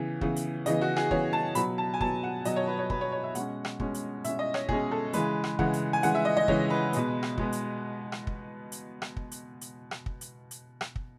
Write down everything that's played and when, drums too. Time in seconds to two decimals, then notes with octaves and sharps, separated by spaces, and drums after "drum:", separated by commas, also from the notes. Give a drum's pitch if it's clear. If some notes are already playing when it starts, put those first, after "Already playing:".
Already playing: C#3 E3 B3
0.21 C#3 E3 B3, drum: kick
0.36 drum: hi-hat
0.66 C#3 E3 B3 D#5, drum: hi-hat
0.81 F#4
0.96 G#4, drum: rim click
1.11 C#3 E3 B3 C#5, drum: kick
1.33 A5
1.55 B2 F#3 B3 B5, drum: hi-hat
1.78 A5
1.94 G#5
2.01 B2 F#3 B3 A5, drum: kick
2.23 F#5
2.45 B2 F#3 B3 D#5, drum: hi-hat
2.56 C#5
2.67 B4
2.79 C#5
2.90 B2 F#3 B3 B4, drum: kick
3.01 C#5
3.12 C#5
3.23 E5
3.35 B2 G#3 C#4 F#5, drum: hi-hat
3.65 drum: rim click
3.80 B2 G#3 C#4, drum: kick
3.94 drum: hi-hat
4.24 B2 G#3 C#4 E5, drum: hi-hat
4.39 D#5
4.54 C#5, drum: rim click
4.69 B2 G#3 C#4 G#4, drum: kick
4.91 A4
5.13 C#3 E3 G#3 B4, drum: hi-hat
5.44 drum: rim click
5.59 C#3 E3 G#3 F#5, drum: kick
5.73 drum: hi-hat
5.93 G#5
6.03 C#3 E3 G#3 F#5, drum: hi-hat
6.15 E5
6.25 D#5
6.37 D#5
6.48 C#3 E3 G#3 C#5, drum: kick
6.70 B4
6.93 B2 G#3 B3, drum: hi-hat
7.23 drum: rim click
7.38 B2 G#3 B3, drum: kick
7.52 drum: hi-hat
8.12 drum: rim click
8.27 drum: kick
8.72 drum: hi-hat
9.02 drum: rim click
9.17 drum: kick
9.31 drum: hi-hat
9.61 drum: hi-hat
9.91 drum: rim click
10.06 drum: kick
10.21 drum: hi-hat
10.51 drum: hi-hat
10.81 drum: rim click
10.96 drum: kick